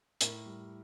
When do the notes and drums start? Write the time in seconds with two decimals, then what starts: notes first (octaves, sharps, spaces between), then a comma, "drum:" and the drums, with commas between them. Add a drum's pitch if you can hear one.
0.21 A2 A#4, drum: hi-hat
0.46 G3